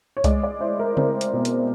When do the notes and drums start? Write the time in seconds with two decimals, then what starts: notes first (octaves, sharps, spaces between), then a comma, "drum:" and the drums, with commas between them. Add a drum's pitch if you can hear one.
0.17 C#5
0.24 G#3 D5, drum: kick C2, hi-hat
0.43 D5
0.61 E4 C5
0.79 A#4
0.97 C4 A#4, drum: tom C#3
1.21 drum: hi-hat
1.33 B2
1.45 drum: hi-hat